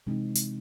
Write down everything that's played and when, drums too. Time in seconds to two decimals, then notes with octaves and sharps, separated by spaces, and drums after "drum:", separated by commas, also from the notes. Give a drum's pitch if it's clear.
0.07 C3 E3 G#3 C4 D#4
0.35 drum: hi-hat